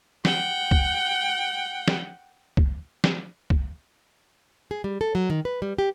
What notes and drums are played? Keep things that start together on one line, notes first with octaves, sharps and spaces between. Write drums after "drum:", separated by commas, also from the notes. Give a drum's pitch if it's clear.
F#5 G5, drum: snare
drum: kick C2
drum: snare
drum: kick C2
drum: snare
drum: kick C2
G#4
G3
A4
F#3
D#3
B4
G3
G4